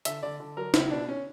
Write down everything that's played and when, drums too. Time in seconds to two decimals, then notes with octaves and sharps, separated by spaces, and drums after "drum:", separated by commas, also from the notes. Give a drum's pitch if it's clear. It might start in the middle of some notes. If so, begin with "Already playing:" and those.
0.05 D3 E5, drum: hi-hat
0.23 D3 D5
0.40 D3
0.57 F#3 A#4
0.74 C#2 E4, drum: snare
0.91 B2 D4
1.09 C#4